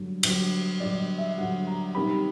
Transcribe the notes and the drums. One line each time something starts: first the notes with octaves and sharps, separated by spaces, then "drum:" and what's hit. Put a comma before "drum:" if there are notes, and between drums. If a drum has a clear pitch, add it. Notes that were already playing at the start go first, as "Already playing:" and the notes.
Already playing: G2 D3 F#3
G2 D3 F#3, drum: cymbal
G2 D3 F#3 D5
D5
D#5
E5
G2 D3 F#3 F#5
A#5
C3 D#3 G3 C4 B5